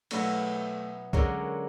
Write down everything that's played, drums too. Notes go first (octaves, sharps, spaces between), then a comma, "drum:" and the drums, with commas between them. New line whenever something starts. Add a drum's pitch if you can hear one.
B2 F#3 A3 B3 E4, drum: cymbal
D3 F#3 G#3 A#3 C#4, drum: kick